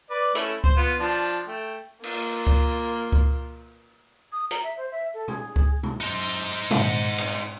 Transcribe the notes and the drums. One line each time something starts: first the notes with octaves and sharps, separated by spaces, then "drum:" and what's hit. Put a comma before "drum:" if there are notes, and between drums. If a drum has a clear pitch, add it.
B4 D5
A3 C#4 E4, drum: hi-hat
C5, drum: kick C#2
B3 F4
F3 D4 F4
A3 G5
A#3 F4, drum: cymbal
drum: kick C#2
drum: kick C#2
D#6
A#5, drum: hi-hat
E5
C5
E5
A4
G#4, drum: tom
G#4
G#4, drum: kick C#2
drum: tom
F#2 D#4 C5
G#2 F#5, drum: tom A#2
drum: cymbal